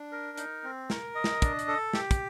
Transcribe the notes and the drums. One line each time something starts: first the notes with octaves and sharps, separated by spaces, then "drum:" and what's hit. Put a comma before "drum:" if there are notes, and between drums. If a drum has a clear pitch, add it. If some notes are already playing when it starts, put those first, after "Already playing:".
Already playing: D4
A#4
D#4, drum: hi-hat
C4
A#4, drum: snare
D#5
drum: snare
D4, drum: kick, hi-hat
drum: hi-hat
A4
G4, drum: snare
drum: kick, hi-hat